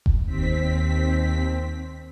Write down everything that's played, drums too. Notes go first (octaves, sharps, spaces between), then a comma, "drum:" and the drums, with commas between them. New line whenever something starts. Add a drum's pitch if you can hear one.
drum: kick F1
D#2 C4 B6